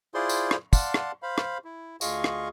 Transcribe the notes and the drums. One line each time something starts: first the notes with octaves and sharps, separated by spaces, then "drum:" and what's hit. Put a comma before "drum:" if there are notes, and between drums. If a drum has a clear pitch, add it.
E4 F4 G#4 C5 D5 C6
drum: tambourine
drum: rim click
D5 F5 F#5 A5 C6, drum: kick, tambourine
drum: rim click
C5 F5 B5
drum: rim click
E4
D2 F4 G#4 D#5 F5 C#6, drum: tambourine
drum: rim click